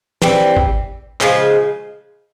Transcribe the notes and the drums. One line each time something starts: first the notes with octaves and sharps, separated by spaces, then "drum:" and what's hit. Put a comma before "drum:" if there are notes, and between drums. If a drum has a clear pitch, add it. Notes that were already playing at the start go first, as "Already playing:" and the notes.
E3 G3 C4, drum: tom E3
drum: kick
C#3 F3 G#3, drum: clap